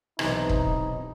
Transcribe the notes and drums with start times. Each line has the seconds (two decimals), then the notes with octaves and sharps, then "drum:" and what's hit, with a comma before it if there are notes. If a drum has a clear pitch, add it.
0.19 B1 C3 E3 D#4, drum: rim click
0.49 drum: kick